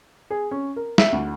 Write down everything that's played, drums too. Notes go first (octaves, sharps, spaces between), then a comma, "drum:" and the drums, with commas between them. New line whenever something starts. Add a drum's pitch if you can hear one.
G#4
C#4
A#4
E5, drum: snare
D2